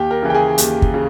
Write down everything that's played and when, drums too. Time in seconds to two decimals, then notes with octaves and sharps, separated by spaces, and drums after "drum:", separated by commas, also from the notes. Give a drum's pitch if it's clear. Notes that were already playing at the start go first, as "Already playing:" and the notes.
Already playing: D#2 G4 G5
0.11 A#4 A#5
0.23 C#3 E3
0.30 G5
0.34 G#4 G#5
0.58 D#2 G4 G5, drum: hi-hat
0.82 drum: kick
0.94 C#3